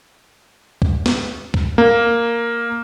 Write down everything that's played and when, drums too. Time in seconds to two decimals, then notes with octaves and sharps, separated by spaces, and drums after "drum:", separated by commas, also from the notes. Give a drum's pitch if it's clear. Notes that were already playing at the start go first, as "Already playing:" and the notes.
0.82 drum: kick
1.06 drum: snare
1.54 drum: kick
1.78 A#3